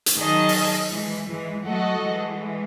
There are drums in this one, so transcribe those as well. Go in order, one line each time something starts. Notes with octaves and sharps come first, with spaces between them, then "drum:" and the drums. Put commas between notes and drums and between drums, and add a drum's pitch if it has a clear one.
drum: hi-hat
D#3 F#3 G#4 D#5 A5
drum: open hi-hat
E3 G#3
E3 G#3
F#3 A3 F#4 A4 D#5 F#5
E3 G#3